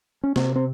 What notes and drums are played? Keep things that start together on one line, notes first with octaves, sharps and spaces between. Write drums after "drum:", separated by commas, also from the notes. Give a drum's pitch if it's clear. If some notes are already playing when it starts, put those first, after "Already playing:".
C#4
C3 C4, drum: snare
C4